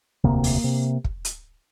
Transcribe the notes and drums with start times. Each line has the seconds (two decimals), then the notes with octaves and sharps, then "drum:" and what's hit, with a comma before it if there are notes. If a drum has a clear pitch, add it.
0.24 E1 D2 C3 A#3
0.44 drum: open hi-hat
0.64 C3
1.04 drum: kick
1.25 drum: hi-hat